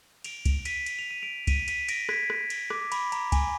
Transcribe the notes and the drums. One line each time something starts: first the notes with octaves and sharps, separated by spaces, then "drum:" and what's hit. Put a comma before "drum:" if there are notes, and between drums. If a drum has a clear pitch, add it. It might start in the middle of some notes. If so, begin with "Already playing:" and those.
D7 F7, drum: cymbal
D7 F7, drum: kick C2, cymbal
B6 D#7, drum: cymbal
drum: cymbal
F7
D#7
D7 F7
B6 D#7, drum: kick C2, cymbal
B6 D#7, drum: cymbal
A#6 D7, drum: cymbal
G#6 B6, drum: rim click
drum: rim click
drum: cymbal
D6, drum: rim click
B5, drum: cymbal
A#5, drum: cymbal
G#5, drum: kick C2, cymbal